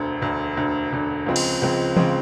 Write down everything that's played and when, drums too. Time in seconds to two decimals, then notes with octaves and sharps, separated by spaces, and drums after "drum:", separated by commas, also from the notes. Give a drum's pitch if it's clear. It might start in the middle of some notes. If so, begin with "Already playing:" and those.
Already playing: E1 D2 D3
0.22 E1 D2 D3
0.57 E1 D2 D3
0.92 E1 D2 D3
1.26 C#2 C#3 F3 G#3 C4
1.36 drum: cymbal
1.62 C#2 C#3 F3 G#3 C4
1.97 C#3 F3 G#3 C4, drum: tom E3